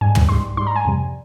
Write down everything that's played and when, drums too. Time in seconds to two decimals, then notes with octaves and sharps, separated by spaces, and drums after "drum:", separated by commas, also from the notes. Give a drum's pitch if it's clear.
0.01 G#2 G3 G#5
0.15 drum: tom
0.28 G#2 G3 C6
0.57 G#2 G3 C6
0.67 A#5
0.76 G#5
0.85 F2 C3 G3